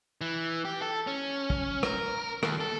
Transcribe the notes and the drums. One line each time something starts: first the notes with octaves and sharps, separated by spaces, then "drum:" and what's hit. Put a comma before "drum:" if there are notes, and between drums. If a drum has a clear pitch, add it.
E3
G4
A4
C#4
drum: kick
A#4, drum: rim click
D#2, drum: rim click
A4